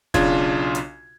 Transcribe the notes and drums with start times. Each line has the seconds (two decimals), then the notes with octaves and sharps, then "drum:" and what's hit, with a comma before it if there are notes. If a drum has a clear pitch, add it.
0.14 B1 C#3 D4 F4 G#6, drum: kick, hi-hat
0.75 drum: hi-hat